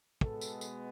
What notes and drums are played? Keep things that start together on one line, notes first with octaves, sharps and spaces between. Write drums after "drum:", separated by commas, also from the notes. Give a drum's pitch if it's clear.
B2 G#3 B3 A4, drum: kick
drum: tambourine
drum: tambourine